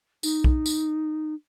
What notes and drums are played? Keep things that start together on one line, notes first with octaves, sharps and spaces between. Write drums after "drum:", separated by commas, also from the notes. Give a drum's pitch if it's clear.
D#4, drum: tambourine
drum: kick
drum: tambourine